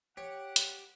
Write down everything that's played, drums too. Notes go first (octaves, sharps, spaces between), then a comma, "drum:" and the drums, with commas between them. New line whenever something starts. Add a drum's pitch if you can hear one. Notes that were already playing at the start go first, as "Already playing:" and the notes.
G4 C#5 F#5
drum: hi-hat